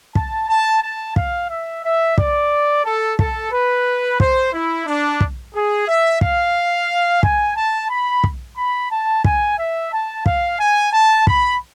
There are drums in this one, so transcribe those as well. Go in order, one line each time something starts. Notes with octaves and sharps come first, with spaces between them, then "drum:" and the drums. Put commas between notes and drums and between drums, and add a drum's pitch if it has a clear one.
A5, drum: kick
A5
A5
F5, drum: kick
E5
E5
D5, drum: kick
A4
A4, drum: kick
B4
C5, drum: kick
E4
D4
drum: kick
G#4
E5
F5, drum: kick
G#5, drum: kick
A5
B5
drum: kick
B5
A5
G#5, drum: kick
E5
A5
F5, drum: kick
G#5
A5
B5, drum: kick